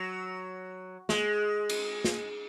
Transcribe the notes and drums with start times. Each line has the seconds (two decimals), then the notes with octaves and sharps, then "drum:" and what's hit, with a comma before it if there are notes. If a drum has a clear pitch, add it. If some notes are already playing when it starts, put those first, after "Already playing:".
Already playing: F#3
1.09 G#3, drum: snare
1.69 drum: cymbal
2.04 drum: snare